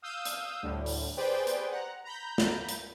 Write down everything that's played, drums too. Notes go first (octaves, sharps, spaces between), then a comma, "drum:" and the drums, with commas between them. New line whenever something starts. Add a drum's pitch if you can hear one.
F5 D#6 E6 G6
drum: hi-hat
D2 A2 D3 G3
drum: open hi-hat
G4 G#4 B4 C5 D5 G5
drum: hi-hat
F#5 A#5
A#5 B5 G6
drum: snare
drum: hi-hat